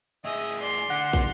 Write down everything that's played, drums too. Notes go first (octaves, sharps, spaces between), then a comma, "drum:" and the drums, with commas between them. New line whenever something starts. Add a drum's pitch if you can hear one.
A2 G#4 D#5 E5
D5 C6
D3 F#5
drum: kick